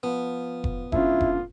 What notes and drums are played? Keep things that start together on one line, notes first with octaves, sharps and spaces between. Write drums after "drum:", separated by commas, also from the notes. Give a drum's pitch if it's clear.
F3 B3
drum: kick F1
D3 G#3 C#4 E4 F4, drum: kick F1
drum: kick F1